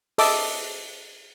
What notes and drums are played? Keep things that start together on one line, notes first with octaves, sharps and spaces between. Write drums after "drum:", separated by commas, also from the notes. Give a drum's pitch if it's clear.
A4 D#5 E5 A5 D6, drum: open hi-hat